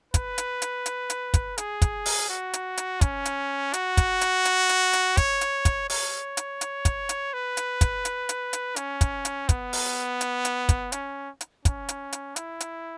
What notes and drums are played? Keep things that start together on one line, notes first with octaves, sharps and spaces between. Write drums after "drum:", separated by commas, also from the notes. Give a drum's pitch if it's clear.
B4, drum: kick, hi-hat
drum: hi-hat
drum: hi-hat
drum: hi-hat
drum: hi-hat
drum: kick, hi-hat
G#4, drum: hi-hat
drum: kick, hi-hat
drum: open hi-hat
F#4
drum: hi-hat
drum: hi-hat
C#4, drum: kick, hi-hat
drum: hi-hat
F#4, drum: hi-hat
drum: kick, hi-hat
drum: hi-hat
drum: hi-hat
drum: hi-hat
drum: hi-hat
C#5, drum: kick, hi-hat
drum: hi-hat
drum: kick, hi-hat
C#5, drum: open hi-hat
drum: hi-hat
drum: hi-hat
drum: kick, hi-hat
drum: hi-hat
B4
drum: hi-hat
drum: kick, hi-hat
drum: hi-hat
drum: hi-hat
drum: hi-hat
C#4, drum: hi-hat
drum: kick, hi-hat
drum: hi-hat
B3, drum: kick, hi-hat
drum: open hi-hat
drum: hi-hat
drum: hi-hat
drum: kick, hi-hat
C#4, drum: hi-hat
drum: hi-hat
C#4, drum: kick, hi-hat
drum: hi-hat
drum: hi-hat
E4, drum: hi-hat
drum: hi-hat